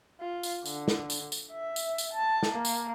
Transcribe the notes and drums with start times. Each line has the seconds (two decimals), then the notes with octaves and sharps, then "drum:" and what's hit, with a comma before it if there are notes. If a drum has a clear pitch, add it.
0.21 F4
0.43 drum: tambourine
0.66 D3, drum: tambourine
0.88 drum: snare
1.10 drum: tambourine
1.32 drum: tambourine
1.51 E5
1.76 drum: tambourine
1.98 drum: tambourine
2.13 A5
2.43 drum: snare
2.52 A#3
2.65 drum: tambourine